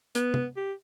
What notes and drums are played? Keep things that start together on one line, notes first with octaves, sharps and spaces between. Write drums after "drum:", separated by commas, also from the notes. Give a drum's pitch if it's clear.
B3, drum: hi-hat
drum: tom
G4